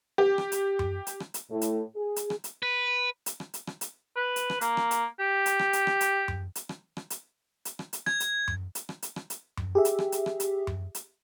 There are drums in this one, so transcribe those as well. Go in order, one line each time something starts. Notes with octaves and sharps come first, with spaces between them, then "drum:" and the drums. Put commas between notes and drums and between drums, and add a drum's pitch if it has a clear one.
G4
drum: rim click
drum: hi-hat
drum: tom F#2
drum: hi-hat
drum: rim click
drum: hi-hat
A2
drum: hi-hat
G#4
drum: hi-hat
drum: rim click
drum: hi-hat
B4
drum: hi-hat
drum: rim click
drum: hi-hat
drum: rim click
drum: hi-hat
B4
drum: hi-hat
drum: rim click
A#3, drum: hi-hat
drum: rim click
drum: hi-hat
G4
drum: hi-hat
drum: rim click
drum: hi-hat
drum: rim click
drum: hi-hat
drum: tom F#2
drum: hi-hat
drum: rim click
drum: rim click
drum: hi-hat
drum: hi-hat
drum: rim click
drum: hi-hat
G#6, drum: rim click
drum: hi-hat
drum: tom F#2
drum: hi-hat
drum: rim click
drum: hi-hat
drum: rim click
drum: hi-hat
drum: tom F#2
G4 G#4 E5
drum: hi-hat
drum: rim click
drum: hi-hat
drum: rim click
drum: hi-hat
drum: tom F#2
drum: hi-hat